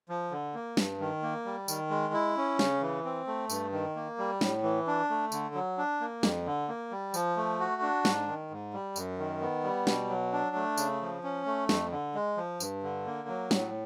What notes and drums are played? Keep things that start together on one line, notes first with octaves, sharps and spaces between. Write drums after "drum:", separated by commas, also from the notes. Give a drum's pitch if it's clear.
F3
D3
A#3
G2, drum: snare
D#3
A#3
G3
D#3, drum: tambourine
G#3
E4
C#4
C#3, drum: snare
E3
C4
A3
G2, drum: tambourine
D#3
A#3
G3
A2, drum: snare
E3
D4
A3
D3, drum: tambourine
F#3
D4
A#3
F2, drum: snare
D3
A#3
G3
F3, drum: tambourine
A3
F#4
D4
G#2, drum: snare
D#3
G#2
G3
F#2, drum: tambourine
D#3
B3
G3
B2, drum: snare
F#3
D4
A3
C#3, drum: tambourine
F3
C#4
A3
F2, drum: snare
D3
G#3
F3
G2, drum: tambourine
D3
A#3
F#3
A2, drum: snare